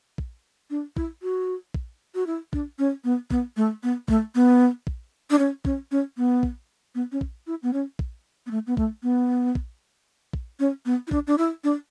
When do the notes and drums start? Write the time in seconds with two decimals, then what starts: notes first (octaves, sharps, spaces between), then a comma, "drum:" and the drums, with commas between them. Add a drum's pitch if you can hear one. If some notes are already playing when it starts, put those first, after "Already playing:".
0.18 drum: kick
0.70 D4
0.97 E4, drum: kick
1.22 F#4
1.74 drum: kick
2.15 F#4
2.27 E4
2.53 D4, drum: kick
2.79 C#4
3.04 B3
3.31 B3, drum: kick
3.57 A3
3.83 B3
4.08 A3, drum: kick
4.35 B3
4.87 drum: kick
5.30 D4
5.39 C#4
5.65 C#4, drum: kick
5.91 C#4
6.18 B3
6.43 drum: kick
6.95 B3
7.12 C#4
7.21 drum: kick
7.47 E4
7.63 B3
7.73 C#4
7.99 drum: kick
8.46 B3
8.51 A3
8.67 B3
8.77 A3, drum: kick
9.03 B3
9.55 drum: kick
10.33 drum: kick
10.60 C#4
10.86 B3
11.07 E4
11.11 D4, drum: kick
11.27 D4
11.38 E4
11.64 D4